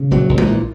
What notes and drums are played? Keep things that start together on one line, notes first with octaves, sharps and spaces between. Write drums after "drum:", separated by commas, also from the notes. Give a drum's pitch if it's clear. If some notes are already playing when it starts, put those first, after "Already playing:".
Already playing: C#3
A#1 F#3
A#1
E3, drum: tom
A#2